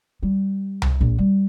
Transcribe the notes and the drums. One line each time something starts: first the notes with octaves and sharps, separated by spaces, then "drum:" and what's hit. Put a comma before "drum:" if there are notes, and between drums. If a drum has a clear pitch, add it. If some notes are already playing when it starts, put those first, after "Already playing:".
G3
drum: tom C2
A#1
G3